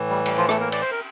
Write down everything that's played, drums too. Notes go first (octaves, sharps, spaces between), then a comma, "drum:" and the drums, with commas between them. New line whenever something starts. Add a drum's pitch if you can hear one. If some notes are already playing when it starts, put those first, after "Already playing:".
Already playing: A2 E3
G3
G3, drum: cymbal
F3 F4
A3 A4, drum: rim click
A#3 A#4
D5, drum: cymbal
C5
A#4